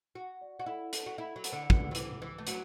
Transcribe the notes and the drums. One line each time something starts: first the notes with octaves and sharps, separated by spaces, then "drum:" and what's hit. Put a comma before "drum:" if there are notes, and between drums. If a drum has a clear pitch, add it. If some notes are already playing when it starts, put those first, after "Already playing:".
F#4 F#5
D5
F#4
E4 A4
A4, drum: hi-hat
F#4
E4 B5
F#3
F#5, drum: hi-hat
D3
D3 B4, drum: kick
F#3
E3 D6, drum: hi-hat
E3 B4
A3
F#3 F#4, drum: hi-hat